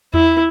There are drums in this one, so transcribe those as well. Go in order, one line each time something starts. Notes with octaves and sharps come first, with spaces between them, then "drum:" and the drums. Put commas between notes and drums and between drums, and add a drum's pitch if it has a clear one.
E4, drum: tom E2